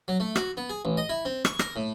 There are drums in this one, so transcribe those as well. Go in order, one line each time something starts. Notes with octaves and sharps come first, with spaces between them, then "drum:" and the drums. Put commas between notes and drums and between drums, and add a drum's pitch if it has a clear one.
F#3
A3
F#4, drum: rim click
B3
G#4
A1
D#5
E4
C4
C#6, drum: rim click
A#4, drum: rim click
A2